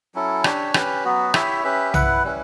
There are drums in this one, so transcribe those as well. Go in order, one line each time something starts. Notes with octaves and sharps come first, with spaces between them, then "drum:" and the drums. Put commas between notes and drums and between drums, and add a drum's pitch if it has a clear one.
F#3 C#4 E4 A4
D4 G4 C#5, drum: rim click
C#4 G4 B4, drum: rim click
F#3 B3 F#4
E4 G4 C#5 E5, drum: rim click
C#4 G4 B4 E5
E4 B4 F#5, drum: tom B1
G3 C#4 E4 B4